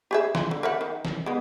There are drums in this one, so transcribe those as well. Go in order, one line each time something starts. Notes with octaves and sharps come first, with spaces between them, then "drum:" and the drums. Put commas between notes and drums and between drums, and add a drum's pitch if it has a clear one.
G4 G#4 E5
F4, drum: snare
D3
A#4 E5 F#5
D#3
drum: snare
G#3 B3